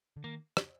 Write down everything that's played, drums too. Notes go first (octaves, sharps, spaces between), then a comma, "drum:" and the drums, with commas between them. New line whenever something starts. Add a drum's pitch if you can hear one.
D3
D#3 A#3
drum: rim click